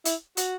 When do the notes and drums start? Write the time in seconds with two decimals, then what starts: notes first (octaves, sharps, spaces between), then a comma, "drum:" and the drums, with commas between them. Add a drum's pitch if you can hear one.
0.05 E4, drum: hi-hat
0.37 F#4, drum: hi-hat